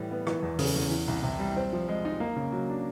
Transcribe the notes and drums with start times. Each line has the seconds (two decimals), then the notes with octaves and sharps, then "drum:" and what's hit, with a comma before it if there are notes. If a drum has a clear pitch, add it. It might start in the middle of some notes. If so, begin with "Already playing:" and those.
Already playing: A2 E3 G3
0.11 B3
0.27 E3, drum: rim click
0.43 E2
0.59 C#3, drum: open hi-hat
0.76 E2
0.91 E3
1.08 C2
1.23 C3
1.40 G3
1.56 C4
1.73 F3
1.89 G#3
2.05 D#4
2.20 A#3
2.36 C#3
2.52 F#3
2.69 D4